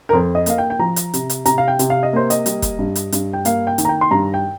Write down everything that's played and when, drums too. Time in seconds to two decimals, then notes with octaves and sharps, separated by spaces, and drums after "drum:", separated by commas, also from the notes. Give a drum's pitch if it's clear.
0.09 A#4
0.13 F2 C5
0.35 D#5
0.46 A#3 F5, drum: hi-hat
0.58 G5
0.70 G5
0.79 F3 A#5
0.96 drum: hi-hat
1.14 C3, drum: hi-hat
1.30 drum: hi-hat
1.46 C3 A#5, drum: hi-hat
1.58 F5
1.68 G5
1.79 C3, drum: hi-hat
1.90 F5
2.03 D#5
2.13 A#3 C5
2.30 D#5, drum: hi-hat
2.46 G3, drum: hi-hat
2.62 drum: kick, hi-hat
2.79 G2
2.96 drum: hi-hat
3.12 G2, drum: hi-hat
3.33 G5
3.45 A#3 F5, drum: hi-hat
3.67 G5
3.78 D#3, drum: hi-hat
3.85 A#5
3.89 G5
4.01 C6
4.11 G2 A#5
4.34 G5